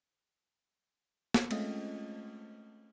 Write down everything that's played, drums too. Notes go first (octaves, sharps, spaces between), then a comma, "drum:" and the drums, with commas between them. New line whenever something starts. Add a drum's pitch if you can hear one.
drum: snare
G#3 A3 C4 C#4 F4 D#5, drum: cymbal